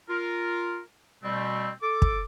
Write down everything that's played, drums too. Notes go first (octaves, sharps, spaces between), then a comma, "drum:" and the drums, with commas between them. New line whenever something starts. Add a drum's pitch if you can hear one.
F4 A#4
B2 G3 A3 C4
A4 D6
drum: kick